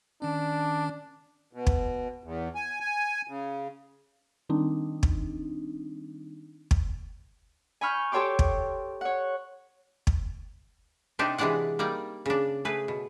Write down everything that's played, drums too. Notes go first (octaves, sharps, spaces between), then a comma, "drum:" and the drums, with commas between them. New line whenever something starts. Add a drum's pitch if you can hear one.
D#3 C#4 D4
B2
drum: kick
E2
G#5
G#5
C#3
D#3 G3 C4 D4 D#4
drum: kick
drum: kick
G#5 B5 C#6 F6 G6
G4 A4 C#5 G5 C6 D6
drum: kick
C#5 F#5
drum: kick
C3 C4 D4 D#4 G4
C3 E3 G#3 D4 D5 F#5
G3 A#3 D#4 D5
C#3 D4
A3 G#4 B4
B2